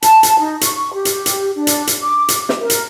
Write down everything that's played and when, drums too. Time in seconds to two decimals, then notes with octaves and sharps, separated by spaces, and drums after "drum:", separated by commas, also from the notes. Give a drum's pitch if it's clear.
0.02 A5, drum: hi-hat
0.23 drum: hi-hat
0.38 D#4
0.61 C#6, drum: hi-hat
0.94 G4
1.05 drum: hi-hat
1.26 drum: hi-hat
1.55 D4
1.67 drum: hi-hat
1.87 drum: hi-hat
2.01 D6
2.28 drum: hi-hat
2.49 drum: snare
2.60 A#4
2.70 drum: hi-hat